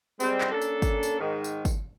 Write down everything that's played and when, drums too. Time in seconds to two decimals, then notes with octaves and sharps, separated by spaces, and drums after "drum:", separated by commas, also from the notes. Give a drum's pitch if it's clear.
0.20 G3 G#3 C4, drum: tambourine
0.41 drum: clap
0.52 A#3 C#4 D4 A4
0.61 drum: tambourine
0.82 drum: kick, tambourine
1.03 drum: tambourine
1.20 G#2 D#3
1.44 drum: tambourine
1.65 drum: kick, tambourine